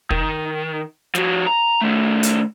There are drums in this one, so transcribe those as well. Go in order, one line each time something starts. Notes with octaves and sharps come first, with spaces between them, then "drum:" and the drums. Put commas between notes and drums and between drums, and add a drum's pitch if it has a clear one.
D#3, drum: kick
F3 F#4, drum: snare
A#5
D#3 A3
drum: hi-hat